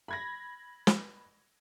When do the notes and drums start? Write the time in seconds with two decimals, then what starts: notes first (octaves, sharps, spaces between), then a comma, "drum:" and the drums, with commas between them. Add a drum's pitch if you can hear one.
0.08 B5 G#6 A#6
0.87 drum: snare